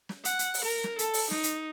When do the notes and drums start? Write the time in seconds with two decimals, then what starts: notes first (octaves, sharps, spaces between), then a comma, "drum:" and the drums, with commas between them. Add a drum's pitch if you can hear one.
0.09 drum: snare
0.25 F#5, drum: hi-hat
0.39 drum: hi-hat
0.54 drum: open hi-hat
0.65 A#4
0.84 drum: snare
0.99 A4, drum: hi-hat
1.14 drum: open hi-hat
1.31 D#4, drum: snare
1.43 drum: hi-hat